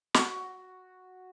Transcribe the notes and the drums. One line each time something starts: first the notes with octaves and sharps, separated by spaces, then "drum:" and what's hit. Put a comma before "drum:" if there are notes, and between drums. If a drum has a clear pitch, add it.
F#4, drum: snare